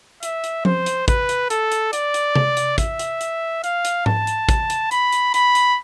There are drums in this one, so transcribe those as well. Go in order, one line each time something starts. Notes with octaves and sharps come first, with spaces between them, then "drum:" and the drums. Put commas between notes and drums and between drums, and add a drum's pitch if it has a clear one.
E5, drum: hi-hat
drum: hi-hat
C5, drum: tom F3
drum: hi-hat
B4, drum: kick, hi-hat
drum: hi-hat
A4, drum: hi-hat
drum: hi-hat
D5, drum: hi-hat
drum: hi-hat
drum: tom C3
drum: hi-hat
E5, drum: kick, hi-hat
drum: hi-hat
drum: hi-hat
F5, drum: hi-hat
drum: hi-hat
A5, drum: tom G#2
drum: hi-hat
drum: kick, hi-hat
drum: hi-hat
B5, drum: hi-hat
drum: hi-hat
B5, drum: hi-hat
drum: hi-hat